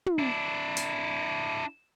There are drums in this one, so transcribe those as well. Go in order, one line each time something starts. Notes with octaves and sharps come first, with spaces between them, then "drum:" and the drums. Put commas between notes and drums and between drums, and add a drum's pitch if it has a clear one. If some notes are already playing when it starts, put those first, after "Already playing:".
drum: tom
D4 E4
drum: hi-hat